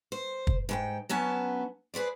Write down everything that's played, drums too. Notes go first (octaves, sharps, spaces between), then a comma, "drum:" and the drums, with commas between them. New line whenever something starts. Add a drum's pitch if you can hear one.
C5
drum: kick
G#2 B4 G5
F#3 B3 C#4 A5
G#4 B4 C5 D5